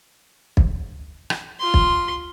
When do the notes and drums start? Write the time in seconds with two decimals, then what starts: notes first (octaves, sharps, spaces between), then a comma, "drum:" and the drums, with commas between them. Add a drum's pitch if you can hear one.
0.57 drum: kick
1.30 drum: rim click
1.59 F4 C6
1.74 drum: kick